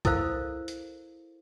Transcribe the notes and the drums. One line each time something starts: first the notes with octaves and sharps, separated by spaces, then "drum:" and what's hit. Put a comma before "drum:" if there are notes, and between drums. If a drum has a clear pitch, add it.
E4 A4 A#4 C5 F5, drum: kick C2, hi-hat
drum: hi-hat